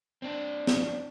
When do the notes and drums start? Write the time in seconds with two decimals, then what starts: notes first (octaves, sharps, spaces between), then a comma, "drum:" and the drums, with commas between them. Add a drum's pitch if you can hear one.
0.22 C4 D4
0.67 drum: snare